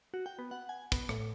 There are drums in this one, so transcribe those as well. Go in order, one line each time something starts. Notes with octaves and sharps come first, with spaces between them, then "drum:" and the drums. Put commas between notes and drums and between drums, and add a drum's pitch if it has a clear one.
F#4
G5
B3
F#5
G#5
B3, drum: kick, hi-hat
A2, drum: rim click